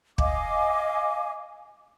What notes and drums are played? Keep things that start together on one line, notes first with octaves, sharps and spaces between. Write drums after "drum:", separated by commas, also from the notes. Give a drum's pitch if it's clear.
D#5 F5 G#5 D6, drum: kick